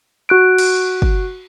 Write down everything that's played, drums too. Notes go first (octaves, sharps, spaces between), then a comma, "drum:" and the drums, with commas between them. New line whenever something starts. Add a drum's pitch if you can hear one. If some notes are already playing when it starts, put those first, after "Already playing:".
F#4 F#6 D7
drum: cymbal
drum: kick